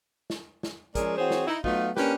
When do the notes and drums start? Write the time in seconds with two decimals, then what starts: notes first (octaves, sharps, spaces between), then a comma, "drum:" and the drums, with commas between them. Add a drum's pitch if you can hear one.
0.30 drum: snare
0.63 drum: snare
0.95 F3 G#3 C#4 G#4 A#4 D5, drum: kick, hi-hat
1.17 E3 C4 F#4 G#4 C5 C#5
1.30 drum: snare
1.47 D#4 E4
1.64 F#3 A3 B3 D#4 F4, drum: kick
1.97 A#3 C#4 D4 G4 A#4 B4, drum: snare